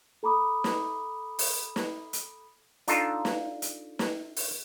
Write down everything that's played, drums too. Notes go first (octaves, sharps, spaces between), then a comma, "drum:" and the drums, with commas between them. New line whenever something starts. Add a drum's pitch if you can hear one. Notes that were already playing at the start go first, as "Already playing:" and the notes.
A4 A#5 B5 D6 D#6
drum: snare
drum: open hi-hat
drum: snare
drum: hi-hat
D4 D#4 F4 A4, drum: hi-hat
drum: snare
drum: hi-hat
drum: snare
drum: open hi-hat